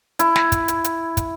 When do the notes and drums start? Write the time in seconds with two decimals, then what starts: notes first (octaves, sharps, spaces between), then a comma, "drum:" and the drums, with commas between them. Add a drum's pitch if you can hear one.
0.19 E4, drum: hi-hat
0.36 drum: snare
0.52 drum: kick, hi-hat
0.68 drum: hi-hat
0.84 drum: hi-hat
1.17 drum: kick, hi-hat